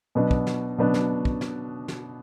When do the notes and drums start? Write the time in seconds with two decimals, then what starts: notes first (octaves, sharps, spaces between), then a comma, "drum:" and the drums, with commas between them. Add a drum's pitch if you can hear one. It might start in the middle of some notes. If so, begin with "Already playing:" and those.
0.15 B2 F#3 B3 D4
0.31 drum: kick
0.47 drum: snare
0.78 B2 F#3 B3 D4
0.94 drum: snare
1.25 drum: kick
1.41 drum: snare
1.88 drum: snare